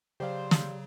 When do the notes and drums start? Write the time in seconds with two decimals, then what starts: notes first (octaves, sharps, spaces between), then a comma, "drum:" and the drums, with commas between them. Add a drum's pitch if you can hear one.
0.20 C#3 F#3 G4 C5 D5 F5
0.51 drum: snare